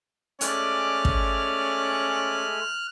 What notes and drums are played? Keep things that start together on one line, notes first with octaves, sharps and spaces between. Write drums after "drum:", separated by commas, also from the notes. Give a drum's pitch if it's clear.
G#3 A3 C#4 D5 G#5 F6 F#6, drum: hi-hat
drum: kick